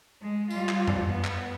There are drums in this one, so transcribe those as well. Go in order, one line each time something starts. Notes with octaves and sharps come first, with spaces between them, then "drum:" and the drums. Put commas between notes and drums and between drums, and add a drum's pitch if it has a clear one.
G#3
G3 F4, drum: tambourine
drum: clap
drum: tom F#2
B3
drum: clap